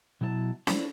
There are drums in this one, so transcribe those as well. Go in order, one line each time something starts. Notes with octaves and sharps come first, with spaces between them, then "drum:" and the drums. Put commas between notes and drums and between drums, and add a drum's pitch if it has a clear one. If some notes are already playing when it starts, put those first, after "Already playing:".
B2 F#3 E4 A4 A5
C#4 D4 E4 F4 A4 C5, drum: snare